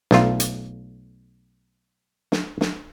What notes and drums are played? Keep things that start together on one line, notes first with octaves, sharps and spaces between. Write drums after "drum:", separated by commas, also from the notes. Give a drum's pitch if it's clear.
B1 A3 F4, drum: snare
drum: hi-hat
drum: snare
drum: snare